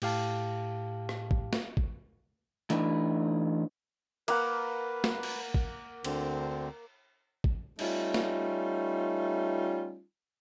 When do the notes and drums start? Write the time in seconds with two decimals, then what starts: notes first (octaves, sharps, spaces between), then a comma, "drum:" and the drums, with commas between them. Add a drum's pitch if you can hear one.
0.02 A2 G4 F5 A5, drum: cymbal
1.09 drum: rim click
1.31 drum: kick
1.53 drum: snare
1.77 drum: kick
2.70 E3 A3 D4 D#4 B4, drum: hi-hat
4.28 A#3 B4 F#5, drum: cymbal
5.04 drum: snare
5.23 drum: cymbal
5.54 drum: kick
6.04 D2 D3 C4, drum: cymbal
7.44 drum: kick
7.79 G3 A3 C#4 D#4 F4, drum: cymbal
8.14 drum: snare